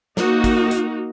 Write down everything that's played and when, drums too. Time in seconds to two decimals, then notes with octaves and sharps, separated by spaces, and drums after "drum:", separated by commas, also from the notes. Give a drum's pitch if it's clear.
0.17 A#3 D#4 F#4, drum: snare
0.44 drum: kick, hi-hat
0.71 drum: hi-hat